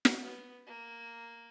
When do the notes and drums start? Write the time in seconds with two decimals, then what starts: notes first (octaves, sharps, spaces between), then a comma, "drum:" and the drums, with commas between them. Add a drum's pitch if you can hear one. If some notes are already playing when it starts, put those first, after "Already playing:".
0.05 drum: snare
0.21 B3
0.66 A#3